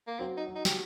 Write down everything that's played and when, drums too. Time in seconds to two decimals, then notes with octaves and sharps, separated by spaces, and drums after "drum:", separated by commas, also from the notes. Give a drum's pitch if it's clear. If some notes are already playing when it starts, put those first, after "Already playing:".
0.07 A#3
0.19 F#3 C4
0.37 D#4
0.47 F#3
0.55 D#4
0.65 G4, drum: snare